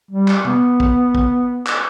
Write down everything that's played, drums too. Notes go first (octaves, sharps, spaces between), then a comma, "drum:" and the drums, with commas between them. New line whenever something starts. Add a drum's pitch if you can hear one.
G3
drum: clap
B3, drum: tom
drum: kick
drum: kick
drum: clap